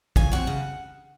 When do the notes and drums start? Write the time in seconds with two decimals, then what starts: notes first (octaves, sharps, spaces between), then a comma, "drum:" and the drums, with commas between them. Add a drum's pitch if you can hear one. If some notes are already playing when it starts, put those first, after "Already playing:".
0.16 C#3 G#5, drum: kick
0.32 F#3 C4 F#5
0.47 C#3